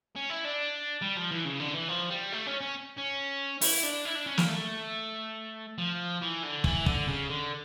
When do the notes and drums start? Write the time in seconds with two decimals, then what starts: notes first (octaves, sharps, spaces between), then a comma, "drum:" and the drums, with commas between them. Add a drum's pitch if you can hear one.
0.16 C#4
0.29 E4
0.44 D4
1.02 G3
1.17 F3
1.31 E3
1.45 C#3
1.60 D3
1.74 E3
1.89 F3
2.10 G3
2.32 A3
2.46 C#4
2.60 C#4
2.97 C#4
3.61 E4, drum: open hi-hat
3.83 D4
4.05 E4
4.15 D4
4.26 C#4
4.38 A#3, drum: snare
4.48 A3
5.78 F3
6.21 E3
6.43 D3
6.64 E3, drum: kick
6.86 D3, drum: kick
7.07 C#3
7.29 D3